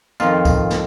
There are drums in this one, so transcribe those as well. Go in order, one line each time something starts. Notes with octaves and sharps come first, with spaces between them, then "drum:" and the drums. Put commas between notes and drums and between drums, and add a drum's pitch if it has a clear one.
F2 D#3 F4, drum: tambourine
drum: kick C2, tambourine
drum: snare